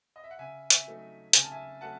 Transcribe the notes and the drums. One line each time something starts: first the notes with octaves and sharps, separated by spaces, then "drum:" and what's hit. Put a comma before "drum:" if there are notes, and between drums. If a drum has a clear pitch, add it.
D#5
E5
F#5
C#3 E5 G#5
E5 G#5, drum: hi-hat
F#3 A3 D#4
C#3 G#5, drum: hi-hat
A5
E5 G#5
F#3 A3 F#5 A5